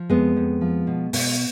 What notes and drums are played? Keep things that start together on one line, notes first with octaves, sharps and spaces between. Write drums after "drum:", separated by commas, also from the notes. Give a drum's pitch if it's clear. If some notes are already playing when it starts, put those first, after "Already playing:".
Already playing: F3
F2 G#3 B3
F2
F3
B2
B2, drum: open hi-hat